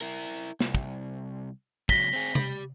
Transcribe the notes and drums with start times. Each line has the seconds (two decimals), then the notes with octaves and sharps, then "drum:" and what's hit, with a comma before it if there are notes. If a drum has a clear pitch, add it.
0.01 E4 A#4
0.60 C2, drum: snare
0.75 drum: kick
1.89 C#2 F#3 A#6 B6 G7, drum: kick
2.13 C4 G#4
2.35 G4 B5, drum: tom C3